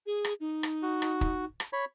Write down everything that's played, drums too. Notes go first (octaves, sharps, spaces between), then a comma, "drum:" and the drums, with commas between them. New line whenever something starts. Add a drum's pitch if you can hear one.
G#4
drum: rim click
D#4
drum: rim click
F#4
drum: rim click
drum: kick
drum: rim click
C#5 B5